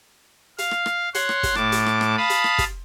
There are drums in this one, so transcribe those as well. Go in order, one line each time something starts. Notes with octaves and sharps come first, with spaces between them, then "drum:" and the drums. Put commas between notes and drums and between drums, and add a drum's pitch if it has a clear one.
F5, drum: hi-hat
drum: rim click
drum: rim click
C#5 F#5 C6, drum: hi-hat
drum: rim click
drum: kick, hi-hat
A2 A5 D6, drum: rim click
drum: hi-hat
drum: rim click
drum: rim click
F5 A5 B5 D#6
drum: hi-hat
drum: rim click
drum: kick, hi-hat